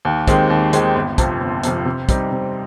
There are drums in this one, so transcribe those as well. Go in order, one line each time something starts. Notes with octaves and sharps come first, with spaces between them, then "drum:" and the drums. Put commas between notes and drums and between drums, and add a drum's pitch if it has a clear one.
D#2
D#3 G#3 C4 G4, drum: kick, hi-hat
D#2
D#3 G#3 C4 G4, drum: hi-hat
G1
F2 C3 F3, drum: kick, hi-hat
G1
F2 C3 F3, drum: hi-hat
C3
G3 C4 D#4, drum: kick, hi-hat
C3